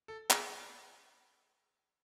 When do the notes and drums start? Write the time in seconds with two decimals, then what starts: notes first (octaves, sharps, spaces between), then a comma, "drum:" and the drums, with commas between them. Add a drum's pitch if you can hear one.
0.08 A4
0.30 G#4, drum: clap